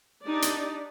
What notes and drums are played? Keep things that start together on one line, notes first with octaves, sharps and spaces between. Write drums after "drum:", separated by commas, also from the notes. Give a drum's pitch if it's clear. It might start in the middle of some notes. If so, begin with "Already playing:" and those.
D4 D#4 G4 D5
drum: hi-hat